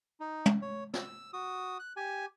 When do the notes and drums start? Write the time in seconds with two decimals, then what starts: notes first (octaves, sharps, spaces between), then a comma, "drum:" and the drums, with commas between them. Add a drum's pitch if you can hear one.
0.20 D#4
0.46 drum: tom
0.62 C#5
0.94 E6, drum: snare
1.33 F#4 D#6
1.79 F#6
1.96 G4 G#5